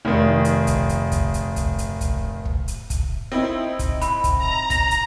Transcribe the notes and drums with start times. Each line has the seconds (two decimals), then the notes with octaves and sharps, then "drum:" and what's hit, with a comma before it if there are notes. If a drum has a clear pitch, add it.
0.05 F1 D#3
0.45 drum: hi-hat
0.67 drum: kick, hi-hat
0.89 drum: hi-hat
1.12 drum: kick, hi-hat
1.34 drum: hi-hat
1.56 drum: kick, hi-hat
1.79 drum: hi-hat
2.01 drum: kick, hi-hat
2.45 drum: kick
2.68 drum: hi-hat
2.90 drum: kick, hi-hat
3.32 C4 D#4 E4
3.79 drum: kick, hi-hat
4.02 B5, drum: hi-hat
4.24 drum: kick, hi-hat
4.38 A#5
4.70 A#6, drum: kick, hi-hat
4.91 drum: hi-hat